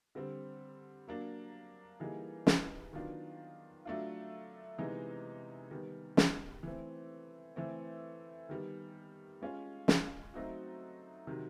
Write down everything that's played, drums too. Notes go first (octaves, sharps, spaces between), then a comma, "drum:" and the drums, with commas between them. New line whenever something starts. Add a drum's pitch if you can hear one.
D3 G3 C4
F#3 A#3 D4
E3 G3 A#3 D#4 G#4
drum: snare
D#3 F#3 B3 D4 F4
F#3 A3 D4 F4
C3 E3 G#3 B3 D#4
D#3 G3 B3
drum: snare
E3 A3 C4
E3 A3 C4
D#3 G3 B3
G#3 C#4 F4
drum: snare
F#3 A3 C4 D#4 F#4
C3 D#3 F#3